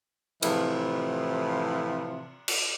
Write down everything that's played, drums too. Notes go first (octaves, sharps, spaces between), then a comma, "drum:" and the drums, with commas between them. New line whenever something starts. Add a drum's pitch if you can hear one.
A2 C3 E3 F3, drum: cymbal
drum: cymbal